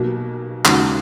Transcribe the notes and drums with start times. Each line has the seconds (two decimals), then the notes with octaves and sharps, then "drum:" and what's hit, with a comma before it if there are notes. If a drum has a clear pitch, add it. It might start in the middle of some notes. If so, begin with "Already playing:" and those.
Already playing: B1 B2 A#3
0.65 D#2 C#3 G#3 D#4 F#4, drum: clap